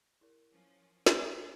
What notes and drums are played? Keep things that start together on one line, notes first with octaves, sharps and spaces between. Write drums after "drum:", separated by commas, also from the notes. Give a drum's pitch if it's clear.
E4 A#4
F3 C#4
D#4 F#4 G#4, drum: snare